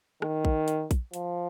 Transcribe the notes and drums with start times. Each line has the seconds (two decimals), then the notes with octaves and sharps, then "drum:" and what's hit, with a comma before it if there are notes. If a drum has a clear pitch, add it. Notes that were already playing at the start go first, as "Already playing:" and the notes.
0.22 D#3, drum: rim click
0.45 drum: kick A#1
0.68 drum: hi-hat
0.91 drum: kick A#1, hi-hat
1.14 F3, drum: hi-hat